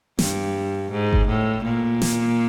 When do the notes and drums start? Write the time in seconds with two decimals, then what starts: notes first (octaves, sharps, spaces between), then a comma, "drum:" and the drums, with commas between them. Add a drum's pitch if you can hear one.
0.19 G2, drum: snare
0.92 G#2
1.13 drum: kick G1
1.28 A2
1.64 A#2
2.02 drum: snare